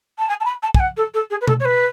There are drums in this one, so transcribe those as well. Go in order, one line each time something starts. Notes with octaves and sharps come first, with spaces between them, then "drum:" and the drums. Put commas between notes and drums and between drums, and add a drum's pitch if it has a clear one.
A5
G#5
A5
B5
A5
G#5, drum: kick
F#5
A4
A4
G#4
B4
A4, drum: tom B2
C#5
B4